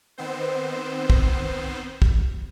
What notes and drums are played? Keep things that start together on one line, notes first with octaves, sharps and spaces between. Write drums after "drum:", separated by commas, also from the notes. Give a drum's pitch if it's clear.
D#3 B3 C4 C5
drum: kick
drum: kick